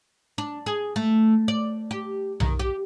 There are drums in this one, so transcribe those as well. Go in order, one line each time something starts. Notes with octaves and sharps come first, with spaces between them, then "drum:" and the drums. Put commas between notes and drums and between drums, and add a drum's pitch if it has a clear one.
D4
G#4
A3
D5
G4
D#3, drum: tom B1
G4